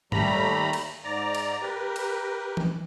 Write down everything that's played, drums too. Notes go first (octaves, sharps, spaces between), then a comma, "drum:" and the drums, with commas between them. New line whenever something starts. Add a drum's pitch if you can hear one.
D#2 G3 A3 A#5 B5, drum: tom
drum: cymbal
G#2 D5 A#5
drum: cymbal
G4 A#4 B4
drum: cymbal
drum: tom E3